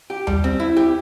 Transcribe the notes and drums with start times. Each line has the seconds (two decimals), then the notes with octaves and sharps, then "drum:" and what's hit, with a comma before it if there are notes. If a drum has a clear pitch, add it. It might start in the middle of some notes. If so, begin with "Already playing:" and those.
0.10 G4
0.27 G3, drum: tom D#2
0.44 C4
0.60 E4
0.77 G4